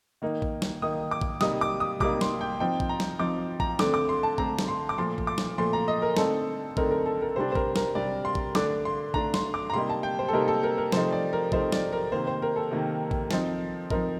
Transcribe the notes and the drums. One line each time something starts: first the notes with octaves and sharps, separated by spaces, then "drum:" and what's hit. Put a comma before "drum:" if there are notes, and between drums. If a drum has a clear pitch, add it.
D#3 A#3 D#4
drum: kick A#1
drum: snare
D#3 A#3 D#4 D#6
D6
drum: kick A#1
C3 G3 A#3 D#4 D#6, drum: snare
D6
D#6
C3 G3 A#3 D#4 D6, drum: kick A#1
C6, drum: snare
G5
F3 C4 D#4 G5
drum: kick A#1
A#5
drum: snare
F3 C4 D#4 D6
A#5, drum: kick A#1
D3 A3 C4 D6, drum: snare
D6
C6
A5
D3 A3 C4 A#5, drum: kick A#1
drum: snare
C6
D6
A#2 F3 A3 C6
drum: kick A#1
D6
drum: snare
A#2 F3 A3 C6
A#5
D#5
A#4
D3 A3 C4 D#4 A4, drum: snare
D3 A3 C4 D#4 A#4, drum: kick A#1
A#4
A4
A#4
C3 G3 D4 C5
C5
A#4, drum: kick A#1
A#4, drum: snare
C3 G3 D4 D5
C6
drum: kick A#1
D3 A3 D4 D6, drum: snare
C6
D3 A3 D4 A#5, drum: kick A#1
C6, drum: snare
D6
A#5
C3 G3 A#3 D#4 C6
A5
G5
C5
A4
C3 G3 A#3 D#4 A#4
A4
A#4
A#4
C3 F3 A3 D#4 C5, drum: snare
D5
A#4
C3 F3 A3 D#4 C5, drum: kick A#1
D5, drum: snare
A#4
C3 D#3 A#3 C5
C5
A#4
A4
C3 D#3 A#3
drum: kick A#1
F3 C4 D#4, drum: snare
F3 C4 D#4 A#4, drum: kick A#1